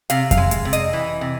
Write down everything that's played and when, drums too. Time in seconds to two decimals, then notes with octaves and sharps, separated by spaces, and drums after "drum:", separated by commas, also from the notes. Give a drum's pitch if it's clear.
0.10 C3 F5, drum: hi-hat
0.31 F5, drum: kick F2, hi-hat
0.37 G#3
0.51 drum: hi-hat
0.65 C3
0.73 D#5, drum: hi-hat
0.93 E3
1.21 C3